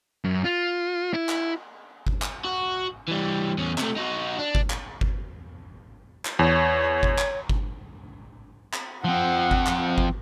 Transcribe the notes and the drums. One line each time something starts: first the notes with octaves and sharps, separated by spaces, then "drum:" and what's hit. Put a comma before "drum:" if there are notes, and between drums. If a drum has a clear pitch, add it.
F#2
F4
E4
drum: clap
drum: kick G1
drum: clap
F#4
E3 G3
E2 C#4
C3 A3, drum: clap
D#4 F#4
D4
drum: kick G1
drum: clap
drum: kick G1
drum: clap
E2 C#5
drum: kick G1
drum: clap
drum: kick G1
drum: clap
F3 C4 F#5
drum: kick G1
drum: clap
drum: kick G1